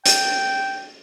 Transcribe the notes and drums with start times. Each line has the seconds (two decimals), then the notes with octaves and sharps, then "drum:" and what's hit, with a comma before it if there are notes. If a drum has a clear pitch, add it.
0.06 G5, drum: hi-hat